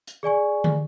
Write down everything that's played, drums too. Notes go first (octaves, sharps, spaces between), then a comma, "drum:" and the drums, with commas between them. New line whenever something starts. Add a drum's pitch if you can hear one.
drum: hi-hat
G#4 D5 G#5 C#6
drum: tom D3